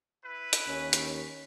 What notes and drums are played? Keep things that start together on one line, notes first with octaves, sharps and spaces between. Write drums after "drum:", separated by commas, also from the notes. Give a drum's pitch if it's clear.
E4 B4
drum: hi-hat
D#2 C#4
drum: hi-hat